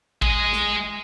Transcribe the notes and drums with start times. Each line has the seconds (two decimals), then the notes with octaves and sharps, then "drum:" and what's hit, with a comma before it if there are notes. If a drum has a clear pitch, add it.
0.22 G#3 D#5, drum: kick A1
0.53 drum: snare